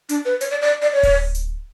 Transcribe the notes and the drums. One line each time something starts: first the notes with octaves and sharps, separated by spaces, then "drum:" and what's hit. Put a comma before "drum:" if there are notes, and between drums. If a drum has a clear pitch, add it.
D4, drum: hi-hat
B4
C#5, drum: hi-hat
D5
D5
D5
C#5
drum: kick D1, open hi-hat
drum: hi-hat